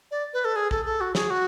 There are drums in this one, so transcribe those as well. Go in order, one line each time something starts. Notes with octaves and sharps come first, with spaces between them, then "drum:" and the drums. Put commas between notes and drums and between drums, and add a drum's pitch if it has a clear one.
D5
B4
A4
G#4
A4, drum: kick
A4
F#4
G#4, drum: snare
F#4